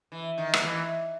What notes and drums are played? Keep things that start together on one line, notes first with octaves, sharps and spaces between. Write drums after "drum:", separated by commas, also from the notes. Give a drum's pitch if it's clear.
E3
D#3
drum: rim click
E3